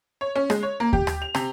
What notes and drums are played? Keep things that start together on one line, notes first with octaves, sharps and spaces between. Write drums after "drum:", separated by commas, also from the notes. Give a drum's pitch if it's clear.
C#5
C#4
G#3, drum: rim click
C#5
A#3
G4, drum: kick D#2
drum: rim click
F7
C3, drum: rim click